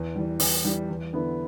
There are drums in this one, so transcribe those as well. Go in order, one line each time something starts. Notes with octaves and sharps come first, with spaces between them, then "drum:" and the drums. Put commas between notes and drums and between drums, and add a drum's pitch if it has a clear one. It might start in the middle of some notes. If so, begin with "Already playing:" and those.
Already playing: E2
E3 G3
E2, drum: open hi-hat
E3 G3
E2
D3 B3 E4